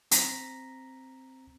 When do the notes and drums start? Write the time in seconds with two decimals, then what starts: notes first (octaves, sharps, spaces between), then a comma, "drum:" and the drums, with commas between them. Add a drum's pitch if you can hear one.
0.11 C4 A#5 A#6 B6, drum: hi-hat